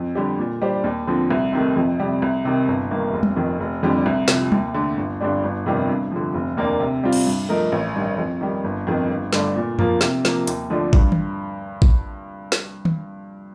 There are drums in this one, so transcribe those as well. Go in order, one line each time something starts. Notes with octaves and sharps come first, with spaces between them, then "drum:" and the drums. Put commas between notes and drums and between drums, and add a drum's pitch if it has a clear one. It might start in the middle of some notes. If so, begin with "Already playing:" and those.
Already playing: F2
D3 G3 D4 G4
A#2
G3 D4 G4 C5
D#2
D3 F3 C4
C2
C3 D#3 A3
F2
C3 G3
C2
C3 D#3
G1
G2 D#3 A#3
F1
drum: tom
F2 D#3
F1
F2 D3 G3 D4
C2
C3 F3, drum: snare
D#2, drum: tom
D3 A3
G1
G2 D3 G3 D4
G1
F2 C3 D#3 G3
G2
D3 F3
F1
D#2 D#3 A#3 D4
C3
G3 C4 F4
drum: cymbal
G2
F3 A3 D#4 A#4
A1
G2 D#3 G3
F2
D#3 G3
G1
F2 D#3
G1
G2 D3 A3 D4, drum: snare
A#2
F3 A#3 F4, drum: tom F2
C3, drum: snare
F3 A#3, drum: snare
D#2, drum: hi-hat
D3 F3 A3 D4
G2, drum: kick A1
drum: tom D#3
drum: kick A1
drum: snare
drum: tom D#3